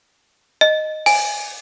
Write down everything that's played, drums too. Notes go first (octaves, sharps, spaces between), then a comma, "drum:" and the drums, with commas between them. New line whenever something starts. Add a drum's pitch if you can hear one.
D#5
G#5, drum: open hi-hat